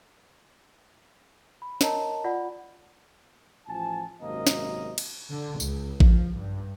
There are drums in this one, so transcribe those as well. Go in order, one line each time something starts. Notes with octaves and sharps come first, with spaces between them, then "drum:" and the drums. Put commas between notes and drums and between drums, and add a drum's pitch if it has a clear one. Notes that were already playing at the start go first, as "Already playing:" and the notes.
B5
A#4 C#5 D#5 A5 A#5, drum: snare
F4 D5 F#5 B5
A1 F3 G#5 A5
G#1 F#2 C3 A#3 D#5
drum: snare
drum: cymbal
D3
C#2, drum: tambourine
F3, drum: kick A1
G2